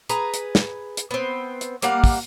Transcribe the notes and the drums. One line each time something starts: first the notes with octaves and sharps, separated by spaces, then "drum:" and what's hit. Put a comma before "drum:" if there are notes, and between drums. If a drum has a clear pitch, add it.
G#4 B4 A#5, drum: hi-hat
drum: hi-hat
drum: snare
drum: hi-hat
B3 C4
drum: hi-hat
G3 A#3 F5 F#5, drum: hi-hat
drum: kick, open hi-hat